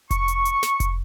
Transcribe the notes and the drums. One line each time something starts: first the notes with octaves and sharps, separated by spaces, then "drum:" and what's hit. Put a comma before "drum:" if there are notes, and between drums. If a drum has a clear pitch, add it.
C#6, drum: kick F1, hi-hat
drum: hi-hat
drum: hi-hat
drum: snare
drum: kick F1, hi-hat